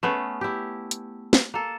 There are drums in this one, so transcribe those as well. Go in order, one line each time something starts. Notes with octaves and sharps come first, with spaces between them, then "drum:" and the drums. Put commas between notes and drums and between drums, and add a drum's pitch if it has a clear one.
A3 B3 C#4 G#4
E4 G4
drum: hi-hat
drum: snare
A#3 A4